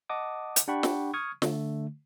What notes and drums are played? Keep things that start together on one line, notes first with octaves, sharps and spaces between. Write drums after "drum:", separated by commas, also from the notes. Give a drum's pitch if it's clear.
D#5 F#5 A5 D6 D#6
drum: hi-hat
D4 G4 F#5 G5 B5 C#6
drum: snare
C#6 D#6 F6 G#6
D3 A3, drum: snare